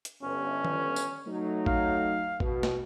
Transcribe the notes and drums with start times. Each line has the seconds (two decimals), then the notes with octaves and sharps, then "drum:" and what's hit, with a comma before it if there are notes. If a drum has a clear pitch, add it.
0.05 drum: hi-hat
0.23 G1 C#4
0.65 drum: tom D#3
0.96 drum: tambourine
1.27 F#3 A3 D#4
1.66 F5, drum: kick G#1
2.40 B2, drum: kick G#1
2.63 drum: snare